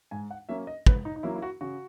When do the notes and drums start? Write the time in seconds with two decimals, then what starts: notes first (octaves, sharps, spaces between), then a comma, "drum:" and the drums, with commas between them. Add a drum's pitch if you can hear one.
0.11 G#2 G#5
0.31 F#5
0.49 F#3 A#3 C#4 E5
0.67 D#5
0.86 G#2 B4, drum: kick
1.05 D#4
1.16 D#4
1.23 F#3 A#3 C#4 E4
1.35 E4
1.42 F#4
1.61 C#3 F#4